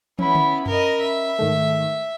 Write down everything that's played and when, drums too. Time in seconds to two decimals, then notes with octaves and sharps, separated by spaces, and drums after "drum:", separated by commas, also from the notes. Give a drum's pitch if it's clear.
0.19 B3 C#4 E4 B5, drum: tom
0.35 drum: tom D3
0.66 A#4 D#5, drum: tom F#2
1.01 E5
1.39 G#2 D#3 A3